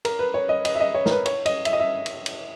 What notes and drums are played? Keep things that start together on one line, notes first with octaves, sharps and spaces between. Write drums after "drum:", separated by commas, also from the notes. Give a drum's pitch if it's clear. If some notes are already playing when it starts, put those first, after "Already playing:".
A#4, drum: cymbal
B4
C#5
D#5
D#5, drum: cymbal
E5
D#5
C#5
A#4, drum: snare
B4
C#5, drum: cymbal
D#5, drum: cymbal
E5, drum: cymbal
D#5
E5
drum: cymbal
drum: cymbal